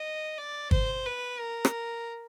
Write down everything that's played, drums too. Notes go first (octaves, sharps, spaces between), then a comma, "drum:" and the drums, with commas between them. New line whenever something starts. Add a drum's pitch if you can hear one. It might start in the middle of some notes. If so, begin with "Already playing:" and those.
Already playing: D#5
D5
C5, drum: kick G1
B4
A#4
drum: rim click